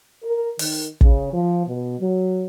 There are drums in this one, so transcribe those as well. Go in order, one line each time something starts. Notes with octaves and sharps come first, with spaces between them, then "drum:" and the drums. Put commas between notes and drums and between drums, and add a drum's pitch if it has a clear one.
A#4
D#3, drum: open hi-hat
C#3, drum: kick
F3
B2
F#3